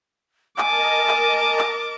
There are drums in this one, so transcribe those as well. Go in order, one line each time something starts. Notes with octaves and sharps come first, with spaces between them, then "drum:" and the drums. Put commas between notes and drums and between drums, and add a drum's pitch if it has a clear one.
A#4 D#5 G#5 A5 D6, drum: clap
drum: clap
drum: clap